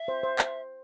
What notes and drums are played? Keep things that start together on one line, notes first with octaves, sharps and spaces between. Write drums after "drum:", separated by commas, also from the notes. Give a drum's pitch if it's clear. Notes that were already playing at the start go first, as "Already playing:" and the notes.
Already playing: E5
C5
C5
drum: clap